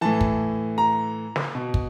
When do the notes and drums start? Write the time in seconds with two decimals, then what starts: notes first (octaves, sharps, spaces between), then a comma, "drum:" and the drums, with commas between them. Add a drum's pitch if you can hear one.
0.01 A2 E3 A5
0.21 drum: kick
0.78 A#5
1.36 drum: snare
1.55 B2
1.74 drum: kick